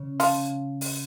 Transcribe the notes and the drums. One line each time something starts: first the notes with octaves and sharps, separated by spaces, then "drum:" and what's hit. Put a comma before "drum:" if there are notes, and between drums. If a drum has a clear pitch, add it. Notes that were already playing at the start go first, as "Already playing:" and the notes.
Already playing: C#3
F3 F4, drum: open hi-hat
drum: open hi-hat